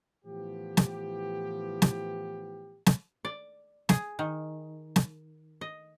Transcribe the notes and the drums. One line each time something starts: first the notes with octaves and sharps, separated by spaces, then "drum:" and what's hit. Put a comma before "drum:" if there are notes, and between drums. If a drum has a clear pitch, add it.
A2 E3 F3 B3 G4
drum: snare
drum: snare
drum: snare
D5
G#4, drum: snare
D#3
drum: snare
D#5